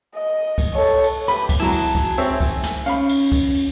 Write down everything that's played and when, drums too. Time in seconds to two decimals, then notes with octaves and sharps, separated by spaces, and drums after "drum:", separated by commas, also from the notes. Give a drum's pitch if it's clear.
0.16 D#5
0.58 drum: kick C2, cymbal
0.74 A4 C#5
1.04 drum: cymbal
1.28 G4 B4 B5, drum: cymbal
1.49 drum: kick C2, cymbal
1.60 F#3 E4 G#4 A5
1.72 drum: cymbal
1.95 drum: kick C2, cymbal
2.18 C4 C#5 E5, drum: cymbal
2.40 drum: kick C2, cymbal
2.63 drum: snare
2.86 C#4 F5 B5, drum: cymbal
3.09 drum: cymbal
3.32 drum: kick C2, cymbal
3.55 drum: cymbal